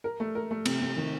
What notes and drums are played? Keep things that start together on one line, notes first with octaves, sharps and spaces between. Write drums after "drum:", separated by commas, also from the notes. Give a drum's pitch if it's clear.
A#4
A3
A#4
A3
C3, drum: cymbal
C3
D#3